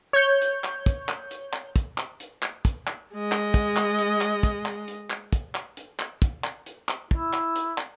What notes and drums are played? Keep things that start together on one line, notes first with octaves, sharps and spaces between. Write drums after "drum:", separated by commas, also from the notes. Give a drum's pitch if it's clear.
C#5 G6
drum: hi-hat
drum: clap
drum: kick, hi-hat
drum: clap
drum: hi-hat
drum: clap
drum: kick, hi-hat
drum: clap
drum: hi-hat
drum: clap
drum: kick, hi-hat
drum: clap
G#3 D#5
drum: clap
drum: kick, hi-hat
drum: clap
drum: hi-hat
drum: clap
drum: kick, hi-hat
drum: clap
drum: hi-hat
drum: clap
drum: kick, hi-hat
drum: clap
drum: hi-hat
drum: clap
drum: kick, hi-hat
drum: clap
drum: hi-hat
drum: clap
E4, drum: kick
drum: clap
drum: hi-hat
drum: clap